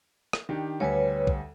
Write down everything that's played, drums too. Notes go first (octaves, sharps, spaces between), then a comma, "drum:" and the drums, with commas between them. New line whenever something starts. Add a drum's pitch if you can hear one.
drum: rim click
D#3 D4 G4
D2 G3 B4 C#5 G#5
drum: kick